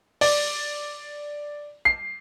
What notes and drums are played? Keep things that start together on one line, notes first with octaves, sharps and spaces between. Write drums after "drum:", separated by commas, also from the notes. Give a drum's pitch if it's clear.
D5, drum: open hi-hat
C7